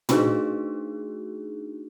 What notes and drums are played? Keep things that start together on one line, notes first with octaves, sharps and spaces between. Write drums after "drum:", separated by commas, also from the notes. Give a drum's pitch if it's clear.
A3 D4 D#4 F#4 G#4, drum: tom